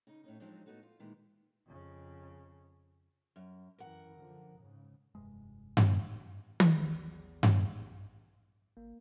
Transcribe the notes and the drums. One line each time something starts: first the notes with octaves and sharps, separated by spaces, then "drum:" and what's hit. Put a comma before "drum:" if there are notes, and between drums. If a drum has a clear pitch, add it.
C#3 D#4
A2 C#4 D#4
F3 F#3 G#3 C4 D4 D#4
A2 B3 D#4 F#4 A4
F4
A#2 D#3 E3 G#3
F2 C#3
F#2
F#2 E3 A#4 F#5
D3 F3
G#2 C#3
F1 G2 C3 G#3
drum: tom G2
drum: tom
A#1 E2
drum: tom G2
G#1 A#3